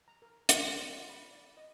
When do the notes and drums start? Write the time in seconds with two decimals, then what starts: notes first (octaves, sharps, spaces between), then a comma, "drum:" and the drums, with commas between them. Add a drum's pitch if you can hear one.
0.08 A#5
0.22 A#4
0.49 C#5, drum: hi-hat
0.66 C6
0.83 D5
0.96 F4
1.10 B5
1.31 D5
1.57 D#5